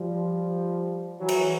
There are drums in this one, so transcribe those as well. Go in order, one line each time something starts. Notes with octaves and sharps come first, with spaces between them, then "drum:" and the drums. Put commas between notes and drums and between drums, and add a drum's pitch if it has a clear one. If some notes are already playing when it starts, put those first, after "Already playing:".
Already playing: F3 G3
E3 F#3
drum: cymbal